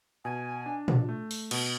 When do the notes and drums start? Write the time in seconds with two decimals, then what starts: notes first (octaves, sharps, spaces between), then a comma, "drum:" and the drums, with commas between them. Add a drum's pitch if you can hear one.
0.25 B2 G#5
0.66 D4
0.88 drum: tom A#2
1.09 A3
1.31 drum: open hi-hat
1.51 B2, drum: cymbal